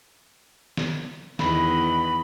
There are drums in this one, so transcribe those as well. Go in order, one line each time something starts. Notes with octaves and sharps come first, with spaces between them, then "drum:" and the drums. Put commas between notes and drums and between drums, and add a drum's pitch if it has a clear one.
drum: snare
E2 D#3 D#5 B5, drum: snare